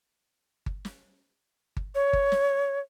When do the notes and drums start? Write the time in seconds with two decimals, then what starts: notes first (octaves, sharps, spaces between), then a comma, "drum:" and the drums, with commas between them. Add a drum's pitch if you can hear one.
0.66 drum: kick G1
0.85 drum: snare
1.77 drum: kick G1
1.95 C#5
2.13 drum: kick G1
2.32 drum: snare